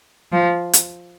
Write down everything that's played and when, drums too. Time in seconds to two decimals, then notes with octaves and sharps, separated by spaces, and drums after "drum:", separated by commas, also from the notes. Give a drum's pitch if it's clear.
0.32 F3
0.73 drum: hi-hat